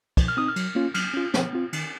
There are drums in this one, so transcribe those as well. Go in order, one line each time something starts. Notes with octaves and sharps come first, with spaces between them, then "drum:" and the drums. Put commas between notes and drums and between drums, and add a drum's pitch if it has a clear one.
F3, drum: kick, cymbal
F6
C4 D#4 D#6
F6
F#3, drum: cymbal
A#3 C#4 F4
F#3 F6, drum: cymbal
C#4 F4
F3, drum: snare
C4 F4
D#3, drum: cymbal